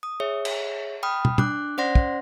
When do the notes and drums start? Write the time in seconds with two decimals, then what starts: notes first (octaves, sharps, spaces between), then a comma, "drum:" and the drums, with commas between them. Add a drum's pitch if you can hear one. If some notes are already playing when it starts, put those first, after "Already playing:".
0.03 D#6
0.20 G#4 C#5 E5
0.45 drum: cymbal
1.03 G5 B5 D#6 F6
1.25 drum: tom
1.38 D4 D6 F#6, drum: tom
1.78 C#4 C5 D5 F#5 C6 A#6
1.95 drum: kick